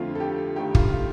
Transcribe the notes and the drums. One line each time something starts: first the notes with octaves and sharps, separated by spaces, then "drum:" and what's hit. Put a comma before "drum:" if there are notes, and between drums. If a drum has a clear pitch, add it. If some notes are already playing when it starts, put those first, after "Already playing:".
Already playing: F2 D3 F3 A3 F4
A4
G4
G2 D#3 A3 G4
F4, drum: kick
F4